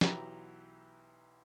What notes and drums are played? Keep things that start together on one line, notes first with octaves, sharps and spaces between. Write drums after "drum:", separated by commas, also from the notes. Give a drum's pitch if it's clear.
B1 E3 F#3 G4 A#5 B5, drum: snare